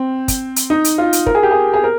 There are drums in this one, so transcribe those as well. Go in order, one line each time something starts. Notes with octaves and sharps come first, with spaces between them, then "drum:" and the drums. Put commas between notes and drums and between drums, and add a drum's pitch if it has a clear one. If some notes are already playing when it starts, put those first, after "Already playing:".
Already playing: C4
drum: kick, hi-hat
drum: hi-hat
D#4
drum: hi-hat
F4
drum: hi-hat
A#4, drum: kick
G#4
G4
G#4
G#4
A#4